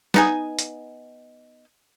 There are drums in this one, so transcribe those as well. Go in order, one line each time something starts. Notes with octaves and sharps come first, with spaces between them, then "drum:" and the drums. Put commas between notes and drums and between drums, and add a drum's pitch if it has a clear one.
B3 D#4 G#5, drum: snare
drum: hi-hat